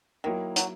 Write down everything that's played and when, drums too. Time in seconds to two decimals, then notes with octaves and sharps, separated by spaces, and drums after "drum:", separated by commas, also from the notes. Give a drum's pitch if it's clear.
0.24 D#3 F#3 A#3 E4 A#4
0.56 F#3, drum: hi-hat